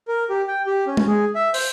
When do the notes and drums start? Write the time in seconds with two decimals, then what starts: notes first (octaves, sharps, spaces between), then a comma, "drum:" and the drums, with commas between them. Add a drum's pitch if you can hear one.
0.08 A#4
0.30 G4
0.48 G5
0.67 G4
0.87 C#4
0.97 drum: tom G#3
1.08 G#4
1.35 E5
1.54 C5, drum: open hi-hat